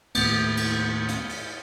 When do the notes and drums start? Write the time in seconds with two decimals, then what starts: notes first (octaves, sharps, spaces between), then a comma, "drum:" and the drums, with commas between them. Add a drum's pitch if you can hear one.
0.15 D#2 A2 A3 B3, drum: cymbal
0.57 drum: cymbal
1.08 drum: hi-hat
1.29 drum: open hi-hat